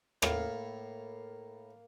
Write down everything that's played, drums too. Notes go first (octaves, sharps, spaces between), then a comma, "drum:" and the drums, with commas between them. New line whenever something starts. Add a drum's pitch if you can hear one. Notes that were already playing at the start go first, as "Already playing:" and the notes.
A2 A#3 F5, drum: rim click